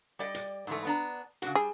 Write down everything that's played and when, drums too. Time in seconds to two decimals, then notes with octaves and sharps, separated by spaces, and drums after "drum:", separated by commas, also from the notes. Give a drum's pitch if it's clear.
0.19 G3 D5 D#5
0.35 drum: hi-hat
0.67 G#2 E3 A3
0.85 B3 D4 A#5
1.42 C#3 D4 F#4, drum: hi-hat
1.55 G3 G#4